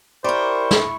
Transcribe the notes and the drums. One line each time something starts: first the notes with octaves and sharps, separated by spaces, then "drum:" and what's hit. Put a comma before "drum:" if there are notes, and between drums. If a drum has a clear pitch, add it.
E4 G4 A#4 C5 D5 C#6
drum: snare